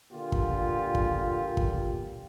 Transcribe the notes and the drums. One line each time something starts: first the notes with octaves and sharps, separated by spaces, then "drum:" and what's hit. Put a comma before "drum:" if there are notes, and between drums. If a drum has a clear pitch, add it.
A#2 D3 F4 G4
drum: kick
drum: kick
drum: kick